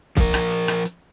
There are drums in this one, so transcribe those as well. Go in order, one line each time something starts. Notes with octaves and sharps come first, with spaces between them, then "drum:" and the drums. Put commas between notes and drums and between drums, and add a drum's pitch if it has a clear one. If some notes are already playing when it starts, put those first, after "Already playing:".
F3 A#4, drum: kick, hi-hat
drum: rim click
drum: hi-hat
drum: rim click
drum: hi-hat